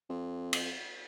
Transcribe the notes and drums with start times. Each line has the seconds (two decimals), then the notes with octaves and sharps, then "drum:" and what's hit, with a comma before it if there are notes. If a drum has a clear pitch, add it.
0.10 F2
0.53 drum: cymbal